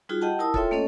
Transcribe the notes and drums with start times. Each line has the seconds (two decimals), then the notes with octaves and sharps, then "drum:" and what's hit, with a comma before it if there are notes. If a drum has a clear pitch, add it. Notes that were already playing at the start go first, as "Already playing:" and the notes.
0.09 G3 D#4 F4 F#4 G#4
0.21 G4 D#5 F#5 G5 A5
0.39 E4 A#4 A5 D#6 E6
0.54 F4 A4 C#5 E5 G5 C6, drum: kick
0.71 A3 A#3 C#4 A4 C#5 D#5